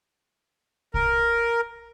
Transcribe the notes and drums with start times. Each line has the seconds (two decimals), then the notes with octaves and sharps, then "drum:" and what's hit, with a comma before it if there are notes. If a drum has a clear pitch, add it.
0.94 A#4, drum: kick